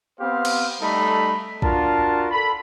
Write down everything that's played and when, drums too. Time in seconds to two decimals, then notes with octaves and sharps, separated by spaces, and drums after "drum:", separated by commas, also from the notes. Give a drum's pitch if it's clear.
0.19 B3 C4 G4 C5 F5
0.45 drum: cymbal
0.81 G3 A3 D#4 A4 B5
1.62 D4 F4 F#4 A#4 A5, drum: kick
2.31 A4 B5